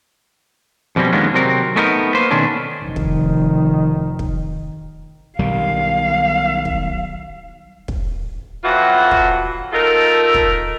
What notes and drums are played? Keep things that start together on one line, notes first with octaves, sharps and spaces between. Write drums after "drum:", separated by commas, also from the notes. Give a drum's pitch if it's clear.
F2 B2 G3 C4 C#4
D#3 G#3 A#3 B3 C#4 D4
C3 F#3 C4 A#4
A3 B3 D#4 A#4
A#3 B4 C5
B2 D#3 A3 C#4 D4
F1 D#3
drum: kick
drum: kick
B1 D#3 G3 F5
drum: kick
drum: kick
F2 E3 F#3 F4 F#4
drum: kick
A3 D#4 F4 A4 A#4
drum: kick